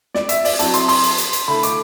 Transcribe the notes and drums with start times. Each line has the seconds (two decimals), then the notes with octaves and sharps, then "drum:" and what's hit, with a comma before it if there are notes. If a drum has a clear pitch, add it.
0.15 D5, drum: snare
0.29 E5, drum: hi-hat
0.45 D5, drum: open hi-hat
0.59 F#3 C4 E4 A5, drum: hi-hat
0.74 C6, drum: hi-hat
0.88 C6, drum: open hi-hat
1.03 drum: hi-hat
1.18 drum: hi-hat
1.33 drum: hi-hat
1.48 D3 A3 E4 B5
1.63 D6, drum: hi-hat